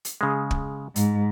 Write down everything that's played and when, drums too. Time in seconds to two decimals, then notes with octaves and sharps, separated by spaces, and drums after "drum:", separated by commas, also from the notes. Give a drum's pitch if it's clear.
0.05 drum: hi-hat
0.21 C#3 G#3
0.51 drum: kick
0.96 G#2, drum: hi-hat